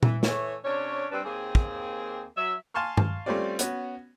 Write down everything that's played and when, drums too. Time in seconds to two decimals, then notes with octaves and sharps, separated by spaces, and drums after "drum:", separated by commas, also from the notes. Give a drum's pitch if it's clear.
0.03 E3, drum: tom A#2
0.23 E3 A3 C#5, drum: snare
0.65 C3 C#4 D4 C#5
1.12 G2 G3 C4 D4 B4
1.25 D#2 A#3 C4 G#4
1.55 drum: kick
2.37 F#3 E5
2.74 F5 G#5 A5 C6 C#6 F6
2.97 drum: tom G2
3.26 G3 A3 C4 C#4 F4 D5
3.59 B3 C#4 F#4, drum: hi-hat